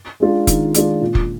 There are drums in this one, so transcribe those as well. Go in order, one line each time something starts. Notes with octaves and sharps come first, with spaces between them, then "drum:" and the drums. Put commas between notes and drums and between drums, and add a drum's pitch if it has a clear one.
G#3 D4 F4
D#3, drum: kick F1, hi-hat
G#3 D4 F4, drum: hi-hat
A#2
drum: kick F1